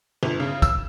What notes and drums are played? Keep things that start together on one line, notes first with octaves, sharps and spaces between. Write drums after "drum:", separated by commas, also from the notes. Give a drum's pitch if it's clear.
G1
C#3
E6, drum: kick, tambourine